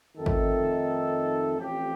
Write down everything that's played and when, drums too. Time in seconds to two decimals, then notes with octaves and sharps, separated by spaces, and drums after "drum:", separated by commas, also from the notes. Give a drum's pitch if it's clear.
0.16 F2 D#3 A3 D#4 A4
0.26 drum: kick
1.59 A1 A2 F3 C4 G4